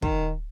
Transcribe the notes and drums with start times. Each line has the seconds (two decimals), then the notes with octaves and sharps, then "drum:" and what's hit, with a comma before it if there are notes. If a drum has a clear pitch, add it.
0.02 D#3, drum: kick